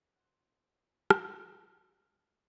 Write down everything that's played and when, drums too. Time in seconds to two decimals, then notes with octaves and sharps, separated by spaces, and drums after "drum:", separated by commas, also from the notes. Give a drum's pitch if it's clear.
0.16 F#3 C5 F#5
1.11 drum: rim click